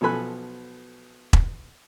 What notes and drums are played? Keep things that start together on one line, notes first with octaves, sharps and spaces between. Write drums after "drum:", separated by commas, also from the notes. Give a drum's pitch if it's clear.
B1 F3 A4 G#5 B5 F#6
drum: kick E1